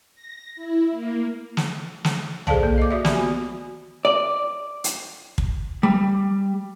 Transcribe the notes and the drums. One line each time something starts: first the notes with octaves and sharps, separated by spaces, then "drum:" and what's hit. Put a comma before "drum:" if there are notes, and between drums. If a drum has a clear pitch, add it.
A#6
E4
A#3
drum: snare
drum: snare
G#4 A4 C5 D5 F5 A5, drum: tom B1
A#3
D#5 D6
F#4 D5 E5
B3 G4 G#5 B5, drum: snare
F#4
D5
drum: hi-hat
drum: kick
G3